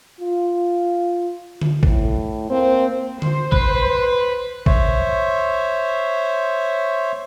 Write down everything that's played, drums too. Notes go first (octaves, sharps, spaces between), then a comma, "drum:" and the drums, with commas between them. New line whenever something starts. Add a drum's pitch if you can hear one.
F4
drum: tom D3
A2, drum: kick
A#3 C4
C5, drum: tom D3
B4, drum: kick
C5 C#5 E5, drum: kick